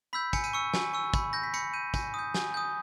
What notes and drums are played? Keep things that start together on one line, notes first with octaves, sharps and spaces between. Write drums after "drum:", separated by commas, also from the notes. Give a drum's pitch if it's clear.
B5 E6 G6 B6
G#5 C#7, drum: kick, tambourine
D#7, drum: tambourine
C#6 E6 C#7
G#5, drum: snare
C#6 E6
B5, drum: kick, tambourine
G6 A#6
B6
B5 C#7, drum: tambourine
G6 D#7
G#5, drum: kick, tambourine
D#6 G6
G#5, drum: snare
D#6 G6